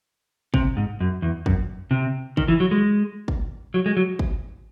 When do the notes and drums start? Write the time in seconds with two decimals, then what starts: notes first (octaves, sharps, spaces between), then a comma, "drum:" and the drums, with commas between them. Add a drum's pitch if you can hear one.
0.54 C3, drum: kick
0.77 G#2
1.00 F#2
1.22 E2
1.46 F#2, drum: kick
1.91 C3
2.37 D#3, drum: kick
2.48 E3
2.60 F#3
2.71 G#3
3.28 drum: kick
3.74 F#3
3.86 G#3
3.97 F#3
4.19 drum: kick